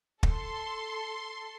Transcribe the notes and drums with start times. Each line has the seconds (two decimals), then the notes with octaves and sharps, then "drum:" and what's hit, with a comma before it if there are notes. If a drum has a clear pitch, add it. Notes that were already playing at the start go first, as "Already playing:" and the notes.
0.23 A4 C6, drum: kick